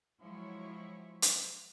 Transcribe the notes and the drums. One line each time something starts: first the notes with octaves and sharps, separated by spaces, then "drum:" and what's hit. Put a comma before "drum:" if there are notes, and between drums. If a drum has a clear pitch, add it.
F3 F#3 G#3 E4 C#5
drum: hi-hat